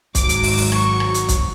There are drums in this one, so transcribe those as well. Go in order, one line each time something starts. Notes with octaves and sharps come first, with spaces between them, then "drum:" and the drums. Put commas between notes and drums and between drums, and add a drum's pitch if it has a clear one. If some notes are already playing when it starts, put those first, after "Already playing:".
G#1 G#2 F#3 D6, drum: kick, hi-hat
drum: hi-hat
drum: open hi-hat
drum: open hi-hat
C#6, drum: rim click
drum: rim click
drum: hi-hat
drum: kick, hi-hat